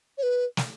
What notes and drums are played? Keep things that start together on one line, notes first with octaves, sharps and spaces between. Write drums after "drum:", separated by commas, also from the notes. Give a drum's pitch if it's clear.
C#5
B4
drum: snare